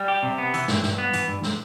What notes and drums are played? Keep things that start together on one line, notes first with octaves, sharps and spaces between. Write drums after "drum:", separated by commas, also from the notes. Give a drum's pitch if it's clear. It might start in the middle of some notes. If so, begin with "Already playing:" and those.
Already playing: G3
G4
C3
B3
E3, drum: hi-hat
G2, drum: snare
G2, drum: snare
B3
E3, drum: hi-hat
G2
drum: snare